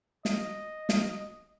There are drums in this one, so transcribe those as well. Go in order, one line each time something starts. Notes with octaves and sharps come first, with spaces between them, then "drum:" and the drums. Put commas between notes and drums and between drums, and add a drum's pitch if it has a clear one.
D#5, drum: snare
drum: snare